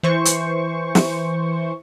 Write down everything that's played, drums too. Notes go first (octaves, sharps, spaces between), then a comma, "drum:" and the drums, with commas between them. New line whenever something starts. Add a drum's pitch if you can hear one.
E3 C5 C#6
drum: hi-hat
drum: snare